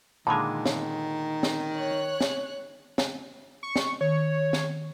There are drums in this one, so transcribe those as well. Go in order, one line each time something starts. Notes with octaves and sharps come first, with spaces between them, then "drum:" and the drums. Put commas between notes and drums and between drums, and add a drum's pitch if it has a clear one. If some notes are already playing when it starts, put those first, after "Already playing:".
A#2 D3 D#3 G#3 A5 B5 D6
drum: snare
drum: snare
C#5 F#6
drum: snare
drum: snare
C#6
drum: snare
D#3 C#5
drum: snare